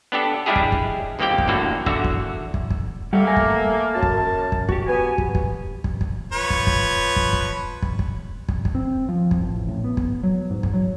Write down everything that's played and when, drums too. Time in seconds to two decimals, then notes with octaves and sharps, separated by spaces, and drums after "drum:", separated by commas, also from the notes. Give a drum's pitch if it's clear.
0.12 B3 D4 G4 A4
0.46 G3 G#3 D4 E4 G4 G#4
0.56 drum: kick
0.72 drum: kick
1.19 G1 D#3 A#3 C4 G4 G5
1.38 drum: kick
1.48 E2 A2 D3 A#3 F#4
1.86 E2 D3 F#4 E5, drum: kick
2.04 drum: kick
2.54 drum: kick
2.70 drum: kick
3.13 G3 A3 A#3 G4 F#5
3.27 A#4 G#5
3.36 drum: kick
3.94 F#2 A5
4.03 drum: kick
4.52 drum: kick
4.69 F#4 G4, drum: kick
4.86 B3 G#5
5.18 drum: kick
5.35 drum: kick
5.84 drum: kick
6.01 drum: kick
6.32 F3 B4 C#5
6.50 drum: kick
6.67 drum: kick
7.16 drum: kick
7.33 drum: kick
7.82 drum: kick
7.99 drum: kick
8.49 drum: kick
8.65 drum: kick
8.75 C4
9.09 F3
9.31 drum: kick
9.40 A1
9.68 A2
9.84 B3
9.97 drum: kick
10.23 F#3
10.51 G#2
10.63 drum: kick
10.74 F#3